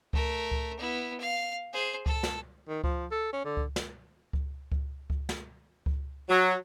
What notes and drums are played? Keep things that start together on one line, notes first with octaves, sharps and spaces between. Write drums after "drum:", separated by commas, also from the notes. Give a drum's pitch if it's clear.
A3 A#4, drum: kick C#2
drum: kick C#2
B3 E4
F5
G#4 C5
A4, drum: kick C#2
drum: snare
D#3
F3, drum: kick C#2
A4
C#4
D3
drum: kick C#2
drum: snare
drum: kick C#2
drum: kick C#2
drum: kick C#2
drum: snare
drum: kick C#2
F#3